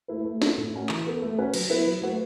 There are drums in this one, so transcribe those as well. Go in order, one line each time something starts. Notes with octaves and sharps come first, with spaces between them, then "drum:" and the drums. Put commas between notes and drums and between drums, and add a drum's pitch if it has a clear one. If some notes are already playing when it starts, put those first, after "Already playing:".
A3 E4 B4
A3
F#4 A4, drum: snare
A2
A3 C#4 F#4
E3, drum: clap
B3 A4
A3
C#4 F#4 B4
F#3, drum: cymbal
B3 E4 B4
F#3
A3 F#4 B4